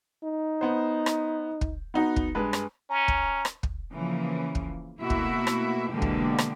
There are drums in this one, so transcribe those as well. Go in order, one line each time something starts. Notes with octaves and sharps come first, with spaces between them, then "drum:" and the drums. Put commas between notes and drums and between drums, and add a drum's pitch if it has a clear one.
D#4
B3 C5
drum: rim click
drum: kick
B3 D#4 F#4
drum: kick
G2 G#3 B4
drum: rim click
C#4 A#5
drum: kick
drum: rim click
drum: kick
C#3 E3 F3 A#3
drum: kick
B2 A3 A#3 E4 F#4 E5
drum: kick
drum: rim click
B2 D3 E3 G#3 A#3 G4
drum: kick
drum: rim click